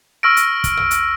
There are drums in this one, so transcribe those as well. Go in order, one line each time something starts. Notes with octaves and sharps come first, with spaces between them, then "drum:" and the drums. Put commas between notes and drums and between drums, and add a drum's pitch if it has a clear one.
C#6 E6 F6 A#6 D7
drum: hi-hat
drum: kick, hi-hat
drum: tom
drum: hi-hat